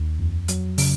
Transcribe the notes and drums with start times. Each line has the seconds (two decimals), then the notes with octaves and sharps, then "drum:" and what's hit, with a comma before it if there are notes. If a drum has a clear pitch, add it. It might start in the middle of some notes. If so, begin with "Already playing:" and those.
Already playing: D#2
0.19 F2
0.48 F#3, drum: hi-hat
0.78 C#3, drum: open hi-hat